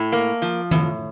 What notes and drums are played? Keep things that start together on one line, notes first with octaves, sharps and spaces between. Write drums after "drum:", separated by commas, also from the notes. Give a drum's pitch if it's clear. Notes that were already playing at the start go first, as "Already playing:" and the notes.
Already playing: A2
A#3
F3
A2, drum: tom D#3